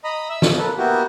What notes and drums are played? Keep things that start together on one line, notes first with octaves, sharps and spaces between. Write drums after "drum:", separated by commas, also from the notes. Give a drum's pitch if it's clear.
D#5 A#5 B5 D#6
E5 E6
drum: snare
A#3 A4 B4
A#3 B3 E4 F#4 G4